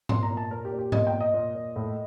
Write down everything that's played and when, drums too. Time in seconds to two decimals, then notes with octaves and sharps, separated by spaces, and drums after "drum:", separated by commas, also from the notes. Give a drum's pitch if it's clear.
0.09 A#2 C6, drum: tom G#2
0.23 A#5
0.30 A#2
0.37 A5
0.51 A#2 A#4
0.65 G4
0.72 A#2
0.79 G4
0.92 A#2 D#5, drum: tom G#2
1.07 G5
1.13 A#2
1.20 D#5
1.34 A#2
1.55 A#2
1.76 A2